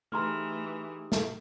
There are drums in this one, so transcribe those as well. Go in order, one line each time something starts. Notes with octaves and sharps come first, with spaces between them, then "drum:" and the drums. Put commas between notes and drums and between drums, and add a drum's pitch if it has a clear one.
E3 A3 D#4 G4 G#4 A#5 C6 F6
drum: snare